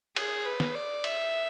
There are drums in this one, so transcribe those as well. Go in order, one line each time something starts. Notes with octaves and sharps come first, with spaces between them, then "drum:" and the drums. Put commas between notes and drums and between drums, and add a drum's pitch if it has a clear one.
G#4, drum: cymbal
B4
drum: snare
D5
E5, drum: cymbal